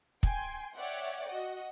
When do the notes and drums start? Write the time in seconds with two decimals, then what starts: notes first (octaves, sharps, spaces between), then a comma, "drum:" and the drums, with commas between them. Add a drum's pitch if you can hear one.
0.23 G5 G#5 C6, drum: kick
0.75 C#5 D5 E5 F#5 G5
1.29 F#4 D#5